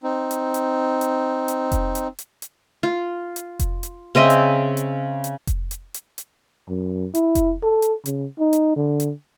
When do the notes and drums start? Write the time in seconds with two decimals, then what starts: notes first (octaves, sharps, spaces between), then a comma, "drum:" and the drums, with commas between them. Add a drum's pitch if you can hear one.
0.03 C4 D#4
0.31 drum: hi-hat
0.54 drum: hi-hat
1.01 drum: hi-hat
1.48 drum: hi-hat
1.72 drum: kick F1, hi-hat
1.95 drum: hi-hat
2.19 drum: hi-hat
2.42 drum: hi-hat
2.83 F4
3.36 drum: hi-hat
3.59 drum: kick F1, hi-hat
3.83 drum: hi-hat
4.15 C#3 C4 D#5 E5
4.30 drum: hi-hat
4.77 drum: hi-hat
5.24 drum: hi-hat
5.47 drum: kick F1, hi-hat
5.71 drum: hi-hat
5.94 drum: hi-hat
6.18 drum: hi-hat
6.69 F#2
7.15 E4, drum: hi-hat
7.35 drum: kick F1, hi-hat
7.63 A4
7.82 drum: hi-hat
8.06 C#3, drum: hi-hat
8.39 D#4
8.53 drum: hi-hat
8.76 D3
9.00 drum: hi-hat